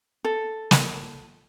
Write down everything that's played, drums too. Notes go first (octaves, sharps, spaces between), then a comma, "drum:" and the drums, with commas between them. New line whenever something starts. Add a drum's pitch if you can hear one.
A4
drum: snare